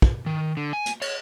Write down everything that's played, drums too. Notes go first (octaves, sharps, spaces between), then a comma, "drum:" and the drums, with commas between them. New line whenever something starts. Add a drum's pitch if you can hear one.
drum: kick
D#3
D3
G#5
drum: hi-hat
C#5, drum: cymbal